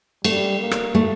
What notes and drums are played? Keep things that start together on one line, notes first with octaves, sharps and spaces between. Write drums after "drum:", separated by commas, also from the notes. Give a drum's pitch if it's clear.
G3 A3, drum: cymbal
A#3
drum: rim click
A3